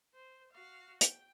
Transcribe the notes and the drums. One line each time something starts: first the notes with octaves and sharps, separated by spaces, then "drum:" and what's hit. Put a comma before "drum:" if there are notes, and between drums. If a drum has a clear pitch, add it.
C5
F#4 F5
G5, drum: hi-hat